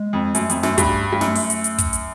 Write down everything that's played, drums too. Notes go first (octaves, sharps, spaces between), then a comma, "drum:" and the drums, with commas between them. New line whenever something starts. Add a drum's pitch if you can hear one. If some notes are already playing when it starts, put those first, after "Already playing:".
Already playing: G#3
F2
F#2 A3, drum: hi-hat
F2, drum: hi-hat
F#2, drum: snare
G2, drum: kick, hi-hat
G2
F#2 A3, drum: snare
drum: open hi-hat
drum: hi-hat
drum: hi-hat
drum: kick, hi-hat
drum: hi-hat